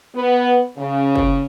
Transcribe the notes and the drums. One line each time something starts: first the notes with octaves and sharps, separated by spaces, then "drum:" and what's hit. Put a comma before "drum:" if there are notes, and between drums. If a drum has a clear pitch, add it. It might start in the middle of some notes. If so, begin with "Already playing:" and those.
B3
C#3
drum: kick